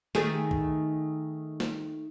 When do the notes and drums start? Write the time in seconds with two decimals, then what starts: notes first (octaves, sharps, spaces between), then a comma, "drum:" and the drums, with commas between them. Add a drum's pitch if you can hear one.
0.15 D#3 A3 G#4, drum: snare
0.51 drum: kick
1.60 drum: snare